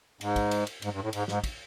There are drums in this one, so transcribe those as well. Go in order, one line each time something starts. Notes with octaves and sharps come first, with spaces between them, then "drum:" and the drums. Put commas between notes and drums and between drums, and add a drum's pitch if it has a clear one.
G#2, drum: cymbal
drum: kick, cymbal
drum: cymbal
drum: cymbal
G#2, drum: cymbal
G2
A2
G#2, drum: cymbal
G#2, drum: snare
drum: kick, cymbal